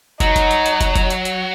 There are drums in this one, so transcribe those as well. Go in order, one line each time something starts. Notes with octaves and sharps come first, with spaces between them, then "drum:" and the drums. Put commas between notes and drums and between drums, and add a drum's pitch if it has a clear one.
F#3 D#4, drum: kick, hi-hat
drum: kick, hi-hat
drum: hi-hat
drum: hi-hat
drum: kick, hi-hat
drum: kick, hi-hat
drum: hi-hat
drum: hi-hat